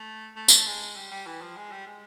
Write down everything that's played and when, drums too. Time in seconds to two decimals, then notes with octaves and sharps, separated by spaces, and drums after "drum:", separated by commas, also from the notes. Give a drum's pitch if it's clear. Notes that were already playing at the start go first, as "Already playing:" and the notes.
Already playing: A3
0.36 A3
0.48 drum: tambourine
0.66 G#3
0.96 G3
1.11 G3
1.26 E3
1.41 F3
1.56 G#3
1.72 G3
1.86 G#3